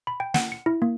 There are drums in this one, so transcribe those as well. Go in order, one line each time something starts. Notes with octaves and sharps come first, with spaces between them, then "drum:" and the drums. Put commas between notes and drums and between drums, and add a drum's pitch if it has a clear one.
B5
G5
F#5, drum: snare
C#7
E4
A#3